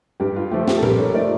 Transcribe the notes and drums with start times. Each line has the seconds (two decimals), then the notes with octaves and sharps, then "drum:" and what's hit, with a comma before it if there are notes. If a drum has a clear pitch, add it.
0.20 G2 G4
0.36 F4
0.51 F3 A3 G4
0.63 A4
0.68 G4, drum: snare
0.77 A4
0.83 G2 G4 A#4, drum: tom A#2
0.98 A4 C#5
1.14 F3 A3 A#4 D5